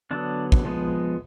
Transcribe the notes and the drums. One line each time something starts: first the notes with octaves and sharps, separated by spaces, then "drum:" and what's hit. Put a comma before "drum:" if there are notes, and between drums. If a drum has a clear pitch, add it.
D3 F#3 B3 D4
drum: kick
F3 G#3 B3